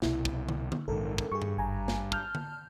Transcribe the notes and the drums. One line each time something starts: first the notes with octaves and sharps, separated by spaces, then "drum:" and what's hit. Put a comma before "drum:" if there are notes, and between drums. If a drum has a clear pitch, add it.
C2 B2 E4, drum: snare
drum: kick
drum: tom D3
drum: tom D3
A#1 G#2 D#3 A4 A#4
drum: kick
G2 G#4 C#6
drum: tom G2
G#1 G#5 A#5
drum: snare
A5 F6 G6, drum: kick
drum: tom D3